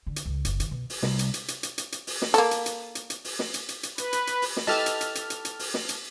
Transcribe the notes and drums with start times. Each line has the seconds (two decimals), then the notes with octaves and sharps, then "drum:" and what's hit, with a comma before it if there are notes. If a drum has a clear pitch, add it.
0.06 D3
0.16 drum: hi-hat
0.25 C#2
0.45 F#1, drum: hi-hat
0.60 D#3, drum: hi-hat
0.71 B2
0.90 drum: open hi-hat
1.03 C2, drum: snare
1.19 drum: hi-hat
1.34 drum: hi-hat
1.48 drum: hi-hat
1.63 drum: hi-hat
1.78 drum: hi-hat
1.92 drum: hi-hat
2.07 drum: open hi-hat
2.22 drum: snare
2.34 A#3 A4, drum: hi-hat
2.51 drum: hi-hat
2.66 drum: hi-hat
2.95 drum: hi-hat
3.10 drum: hi-hat
3.25 drum: open hi-hat
3.39 drum: snare
3.54 drum: hi-hat
3.69 drum: hi-hat
3.83 drum: hi-hat
3.98 B4, drum: hi-hat
4.13 drum: hi-hat
4.27 drum: hi-hat
4.42 drum: open hi-hat
4.57 drum: snare
4.67 E4 G4 A4 B4 D#5 A5 F6
4.86 drum: hi-hat
5.01 drum: hi-hat
5.15 drum: hi-hat
5.30 drum: hi-hat
5.45 drum: hi-hat
5.59 drum: open hi-hat
5.74 drum: snare
5.89 drum: hi-hat